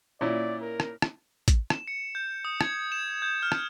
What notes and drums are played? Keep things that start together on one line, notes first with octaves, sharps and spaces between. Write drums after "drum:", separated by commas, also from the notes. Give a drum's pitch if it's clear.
A#2 C#4 E4 D5
A#4
drum: rim click
drum: rim click
drum: kick, hi-hat
E7, drum: rim click
C#7
G6
D#6
G#6, drum: rim click
E7
G6
F6
drum: rim click